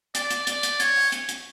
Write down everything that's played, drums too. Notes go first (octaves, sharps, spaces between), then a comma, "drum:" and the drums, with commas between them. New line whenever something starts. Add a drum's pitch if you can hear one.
D5, drum: hi-hat
drum: hi-hat
D5, drum: hi-hat
drum: hi-hat
C#5, drum: hi-hat
drum: open hi-hat
drum: hi-hat
drum: hi-hat